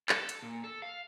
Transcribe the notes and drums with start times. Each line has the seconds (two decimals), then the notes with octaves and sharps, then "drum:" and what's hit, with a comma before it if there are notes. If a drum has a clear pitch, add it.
0.09 A4, drum: clap
0.29 drum: hi-hat
0.42 A#2
0.64 A4
0.82 F5